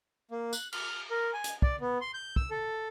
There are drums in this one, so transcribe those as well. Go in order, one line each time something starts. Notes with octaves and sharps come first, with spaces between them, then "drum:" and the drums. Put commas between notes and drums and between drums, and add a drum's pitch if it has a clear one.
A#3
F#6, drum: tambourine
F6, drum: cymbal
A#4
G#5
drum: hi-hat
D5, drum: kick
B3
C6
G6
E6, drum: kick
A4